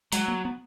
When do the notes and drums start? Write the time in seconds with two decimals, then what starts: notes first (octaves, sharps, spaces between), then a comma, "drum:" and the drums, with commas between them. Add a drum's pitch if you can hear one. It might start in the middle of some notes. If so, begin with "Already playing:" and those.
0.12 F#3 G#3, drum: hi-hat
0.28 A#3
0.45 B3